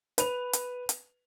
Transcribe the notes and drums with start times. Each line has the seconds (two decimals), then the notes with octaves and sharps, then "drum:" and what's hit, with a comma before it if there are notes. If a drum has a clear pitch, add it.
0.18 B4 F7, drum: hi-hat
0.53 drum: hi-hat
0.89 drum: hi-hat